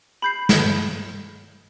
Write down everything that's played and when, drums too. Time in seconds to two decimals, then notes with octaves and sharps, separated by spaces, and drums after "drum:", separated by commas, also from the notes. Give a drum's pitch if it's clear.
0.22 B5 G6 C7
0.49 drum: snare